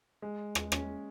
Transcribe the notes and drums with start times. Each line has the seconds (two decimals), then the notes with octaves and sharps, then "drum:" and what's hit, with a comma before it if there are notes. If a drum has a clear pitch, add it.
0.22 G#3
0.55 drum: rim click
0.72 C#4, drum: rim click